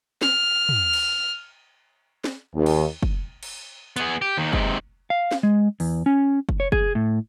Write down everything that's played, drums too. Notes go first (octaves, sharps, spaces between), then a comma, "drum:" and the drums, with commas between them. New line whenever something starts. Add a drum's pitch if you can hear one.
F6, drum: snare
drum: tom
drum: cymbal
drum: snare
D#2
drum: cymbal
drum: kick
drum: cymbal
B3 G#4, drum: hi-hat
G4
D#2 D#3
G#2 C3, drum: kick
F5
drum: snare
G#3
E2, drum: open hi-hat
C#4
drum: kick
C#5
G#4, drum: kick
A2